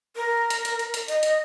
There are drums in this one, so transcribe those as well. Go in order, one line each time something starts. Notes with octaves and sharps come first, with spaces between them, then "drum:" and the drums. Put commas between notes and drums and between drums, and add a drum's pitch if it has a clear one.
A#4
drum: hi-hat
drum: hi-hat
drum: hi-hat
drum: hi-hat
D#5, drum: hi-hat
drum: hi-hat